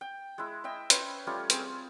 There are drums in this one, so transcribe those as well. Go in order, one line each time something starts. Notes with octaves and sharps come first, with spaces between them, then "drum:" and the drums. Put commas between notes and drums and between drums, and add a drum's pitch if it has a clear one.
G5
G#3 E4
D#5 E5 G5
C#4 B4 C5, drum: hi-hat
G3 A3 C#4 F4
C4 G#4, drum: hi-hat